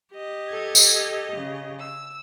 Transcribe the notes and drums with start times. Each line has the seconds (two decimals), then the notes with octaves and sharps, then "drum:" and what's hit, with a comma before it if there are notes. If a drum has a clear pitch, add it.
0.14 G4 D#5
0.49 A4 G#6
0.75 drum: tambourine
1.34 C#3
1.79 E6